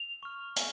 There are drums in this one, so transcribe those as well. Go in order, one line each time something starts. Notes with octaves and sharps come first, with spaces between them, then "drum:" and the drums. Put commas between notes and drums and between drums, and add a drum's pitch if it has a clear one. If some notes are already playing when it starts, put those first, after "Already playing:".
Already playing: F7
C#6 F6
G#5, drum: hi-hat